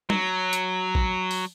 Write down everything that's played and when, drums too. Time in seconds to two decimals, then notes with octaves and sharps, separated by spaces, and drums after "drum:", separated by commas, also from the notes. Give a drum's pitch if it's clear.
0.10 F#3, drum: tom
0.53 drum: hi-hat
0.95 drum: kick
1.31 drum: open hi-hat